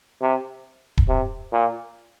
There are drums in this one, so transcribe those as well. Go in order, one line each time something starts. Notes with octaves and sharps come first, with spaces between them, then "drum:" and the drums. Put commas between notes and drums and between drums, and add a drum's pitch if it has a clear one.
C3
drum: kick D#1
C3
A#2